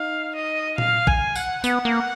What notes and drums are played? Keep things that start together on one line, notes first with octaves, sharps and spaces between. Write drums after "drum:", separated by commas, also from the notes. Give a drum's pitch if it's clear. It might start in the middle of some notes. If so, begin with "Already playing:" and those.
Already playing: D#4 F5
D#5
F5, drum: tom A#2
G#5, drum: kick
F#5, drum: tambourine
B3 F#5, drum: tambourine
A#3